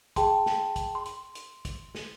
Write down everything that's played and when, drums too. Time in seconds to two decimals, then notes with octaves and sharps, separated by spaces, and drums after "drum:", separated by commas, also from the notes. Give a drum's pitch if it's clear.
0.16 G#4 G5 A5 C6, drum: kick, hi-hat
0.46 drum: snare
0.76 drum: kick, hi-hat
0.95 C6
1.05 drum: hi-hat
1.35 drum: hi-hat
1.65 drum: kick, hi-hat
1.95 drum: snare